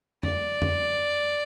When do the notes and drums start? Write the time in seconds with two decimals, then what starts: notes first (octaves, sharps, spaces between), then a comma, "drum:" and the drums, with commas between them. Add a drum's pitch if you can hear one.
0.23 D5, drum: tom F2
0.62 drum: tom F2